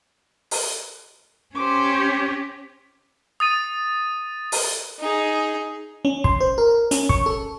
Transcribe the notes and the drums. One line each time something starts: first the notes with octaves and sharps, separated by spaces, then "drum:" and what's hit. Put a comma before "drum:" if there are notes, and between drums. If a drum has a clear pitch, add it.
drum: open hi-hat
C#4 G4 C5 D6
D#6 A6 D#7
drum: open hi-hat
D#4 G#4
C#4
C6, drum: kick
C5
A#4
C#4, drum: hi-hat
C#6, drum: kick
A4